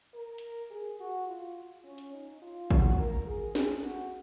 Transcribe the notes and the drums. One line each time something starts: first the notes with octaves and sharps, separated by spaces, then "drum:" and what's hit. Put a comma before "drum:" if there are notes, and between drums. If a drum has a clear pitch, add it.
A#4
drum: hi-hat
G#4
F#4
F4
C#4
drum: hi-hat
D#4
F4
F#4, drum: kick
A#4
G#4
G#4, drum: snare
F#4